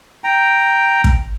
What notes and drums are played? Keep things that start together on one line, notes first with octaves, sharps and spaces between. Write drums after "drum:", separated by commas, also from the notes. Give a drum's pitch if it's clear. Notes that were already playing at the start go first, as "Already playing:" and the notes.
G5 A#5
drum: kick